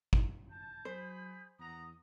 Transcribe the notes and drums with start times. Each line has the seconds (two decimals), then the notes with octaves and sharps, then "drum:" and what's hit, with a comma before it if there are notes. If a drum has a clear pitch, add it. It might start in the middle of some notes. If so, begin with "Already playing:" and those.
0.13 drum: kick
0.50 A5 G6
0.85 F#3 G#4 C5 B5
1.59 E2 F#5 A#5 D#6